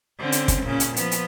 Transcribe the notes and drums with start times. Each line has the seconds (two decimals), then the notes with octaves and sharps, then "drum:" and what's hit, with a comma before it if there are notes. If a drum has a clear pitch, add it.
0.20 D3 C4 C#4
0.32 drum: hi-hat
0.48 drum: kick, hi-hat
0.64 A#2 C#3 C#4
0.80 drum: hi-hat
0.96 F3 B3, drum: hi-hat
1.12 drum: hi-hat